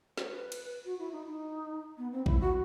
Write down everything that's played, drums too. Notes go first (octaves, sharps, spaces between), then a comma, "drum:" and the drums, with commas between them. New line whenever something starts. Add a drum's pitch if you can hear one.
C5, drum: snare
B4
drum: cymbal
F#4
E4
D#4
D#4
B3
C4
E4, drum: kick A#1
F#4